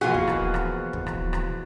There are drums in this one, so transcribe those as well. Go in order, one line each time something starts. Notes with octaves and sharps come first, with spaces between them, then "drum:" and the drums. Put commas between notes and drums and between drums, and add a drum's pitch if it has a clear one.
B2 E3 F3 A#3 F4 F#4 G#4 F#5
drum: kick
drum: rim click
drum: rim click
drum: kick
drum: rim click
drum: rim click